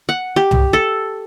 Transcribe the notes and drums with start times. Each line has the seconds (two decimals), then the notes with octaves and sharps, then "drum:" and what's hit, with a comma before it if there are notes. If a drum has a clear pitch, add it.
0.09 F#5
0.36 G4
0.51 drum: tom C2
0.73 A4